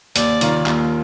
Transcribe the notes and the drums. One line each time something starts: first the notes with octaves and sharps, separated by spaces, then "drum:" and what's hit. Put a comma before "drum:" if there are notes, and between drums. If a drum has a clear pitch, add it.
D#2 D5, drum: hi-hat
D#3 A#3 F4, drum: hi-hat
D#2, drum: clap